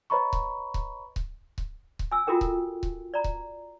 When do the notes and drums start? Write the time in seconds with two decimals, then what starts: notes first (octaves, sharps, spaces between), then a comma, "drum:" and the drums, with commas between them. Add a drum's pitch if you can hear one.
0.10 B4 C#5 D#5 A#5 B5 C#6
0.33 drum: kick C#1
0.74 drum: kick C#1
1.16 drum: kick C#1
1.58 drum: kick C#1
1.99 drum: kick C#1
2.12 G#5 E6
2.27 F4 F#4 A4 A#4 G5
2.41 drum: kick C#1
2.83 drum: kick C#1
3.14 D5 A#5
3.24 drum: kick C#1